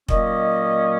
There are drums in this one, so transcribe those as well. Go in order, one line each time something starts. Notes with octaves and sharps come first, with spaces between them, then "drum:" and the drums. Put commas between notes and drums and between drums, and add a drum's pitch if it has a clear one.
A#2 F#3 A#3 C#4 D#5, drum: kick